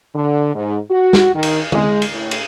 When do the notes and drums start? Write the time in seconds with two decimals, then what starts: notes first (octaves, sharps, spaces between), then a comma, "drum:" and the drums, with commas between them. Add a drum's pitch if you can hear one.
0.14 D3
0.54 G#2
0.90 F#4
1.13 drum: snare
1.34 D#3
1.43 drum: cymbal
1.72 G#3, drum: tom
2.02 drum: cymbal
2.13 A2
2.31 drum: cymbal